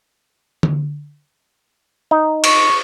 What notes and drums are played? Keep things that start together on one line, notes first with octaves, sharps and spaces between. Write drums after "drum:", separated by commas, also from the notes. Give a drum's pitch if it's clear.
drum: tom D3
D#4
C#6, drum: cymbal